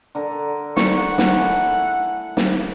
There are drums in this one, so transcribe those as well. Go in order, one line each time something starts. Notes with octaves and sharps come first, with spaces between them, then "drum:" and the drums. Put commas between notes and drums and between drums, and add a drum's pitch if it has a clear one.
D3 A4 A#4
C#6, drum: snare
F#5
drum: snare
A3 E4 G#5
drum: snare